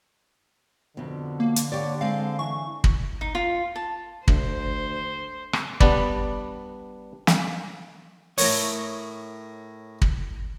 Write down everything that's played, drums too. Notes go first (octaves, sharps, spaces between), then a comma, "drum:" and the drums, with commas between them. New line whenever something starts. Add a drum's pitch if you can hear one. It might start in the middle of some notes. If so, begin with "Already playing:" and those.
F2 B2 D3
A#3
drum: hi-hat
G4 C#5 D5
G#3 C4 G#4 F5
E3 C#6
drum: kick
D#4
F4
A5
D2 C5, drum: kick
drum: rim click
G3 B3 D4 B4 D5, drum: kick
drum: snare
A2 A#4 C#5 D#6, drum: open hi-hat
drum: kick